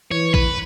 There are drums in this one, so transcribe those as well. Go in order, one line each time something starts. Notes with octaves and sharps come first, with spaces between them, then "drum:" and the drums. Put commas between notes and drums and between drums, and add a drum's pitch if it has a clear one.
E3 C#5
B4, drum: kick A#1